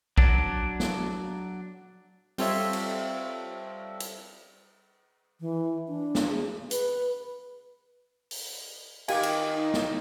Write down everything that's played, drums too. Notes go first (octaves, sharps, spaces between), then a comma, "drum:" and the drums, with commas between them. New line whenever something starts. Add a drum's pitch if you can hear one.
F#3 D4, drum: kick A#1
drum: snare
G3 C4 F4 A4 C#5 E5, drum: open hi-hat
drum: cymbal
drum: hi-hat
E3
D4
drum: snare
G#4
B4, drum: hi-hat
drum: open hi-hat
D#3 G4 F5 G#5, drum: cymbal
drum: cymbal
D#4
drum: snare